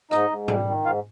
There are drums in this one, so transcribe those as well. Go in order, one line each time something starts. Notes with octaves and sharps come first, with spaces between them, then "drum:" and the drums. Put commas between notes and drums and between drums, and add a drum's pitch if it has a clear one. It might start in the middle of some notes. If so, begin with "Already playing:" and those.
G#2 D#4 D#5, drum: rim click
G#2
G3, drum: tom
D#3
G#2 F4 F5